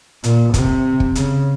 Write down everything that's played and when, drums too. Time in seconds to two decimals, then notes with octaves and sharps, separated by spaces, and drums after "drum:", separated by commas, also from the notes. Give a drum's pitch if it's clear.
0.24 A#2, drum: hi-hat
0.54 C3, drum: kick, hi-hat
1.00 drum: kick
1.15 C#3, drum: hi-hat